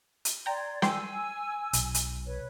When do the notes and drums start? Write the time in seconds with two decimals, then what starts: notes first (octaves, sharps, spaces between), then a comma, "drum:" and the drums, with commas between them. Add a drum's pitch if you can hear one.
0.25 drum: hi-hat
0.46 D5 G5 A#5 C6 G#6
0.82 G5 G#5 C6 E6, drum: snare
1.73 B1, drum: hi-hat
1.94 drum: hi-hat
2.26 B4 C#5